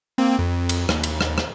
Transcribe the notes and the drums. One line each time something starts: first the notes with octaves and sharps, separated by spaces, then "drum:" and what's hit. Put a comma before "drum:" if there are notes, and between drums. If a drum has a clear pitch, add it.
A#3 C4
F2
drum: cymbal
D#2, drum: rim click
drum: cymbal
drum: rim click
drum: rim click